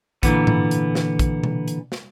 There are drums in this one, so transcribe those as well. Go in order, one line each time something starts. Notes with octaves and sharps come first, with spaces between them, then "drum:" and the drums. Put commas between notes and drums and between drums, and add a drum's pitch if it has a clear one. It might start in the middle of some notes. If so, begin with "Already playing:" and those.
A#2 D3 E3 B3, drum: kick, hi-hat
drum: tom G#2
drum: hi-hat
drum: snare
drum: kick, hi-hat
drum: tom B2
drum: hi-hat
drum: snare